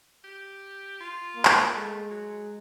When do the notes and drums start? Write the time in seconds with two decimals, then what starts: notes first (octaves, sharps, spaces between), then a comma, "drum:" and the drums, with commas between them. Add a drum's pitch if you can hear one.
0.24 G4
1.00 F4
1.36 A#3
1.45 drum: clap
1.75 G#3 A3
2.11 F#3